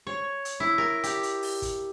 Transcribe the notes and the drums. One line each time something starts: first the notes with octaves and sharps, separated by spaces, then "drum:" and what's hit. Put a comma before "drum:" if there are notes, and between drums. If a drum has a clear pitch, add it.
C#5
drum: hi-hat
E4
A#4
G4, drum: hi-hat
drum: hi-hat
drum: open hi-hat
drum: kick, hi-hat